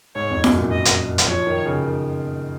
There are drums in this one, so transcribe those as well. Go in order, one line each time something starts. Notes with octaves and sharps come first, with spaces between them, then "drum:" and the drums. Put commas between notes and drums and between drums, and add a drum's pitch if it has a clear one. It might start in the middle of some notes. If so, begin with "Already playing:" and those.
G#2 C#5
F2
F#2, drum: snare E4
A#2
D#5
drum: hi-hat
drum: hi-hat
F3 C#5
D#3
C#3
D#3